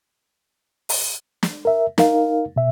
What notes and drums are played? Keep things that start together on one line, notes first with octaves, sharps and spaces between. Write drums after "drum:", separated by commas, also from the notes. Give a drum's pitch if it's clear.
drum: open hi-hat
drum: snare
A#4 E5
D#4 A#4 F5, drum: snare
B2 E5